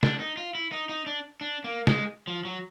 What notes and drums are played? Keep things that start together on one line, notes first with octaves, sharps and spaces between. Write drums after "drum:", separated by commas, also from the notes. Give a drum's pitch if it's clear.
D4, drum: snare
D#4
F4
E4
D#4
D#4
D4
D4
A#3
G#3, drum: snare
F3
F#3